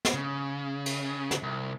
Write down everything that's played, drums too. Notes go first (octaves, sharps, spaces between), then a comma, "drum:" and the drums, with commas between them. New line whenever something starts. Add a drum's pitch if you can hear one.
drum: snare
C#3
drum: cymbal
drum: snare
C2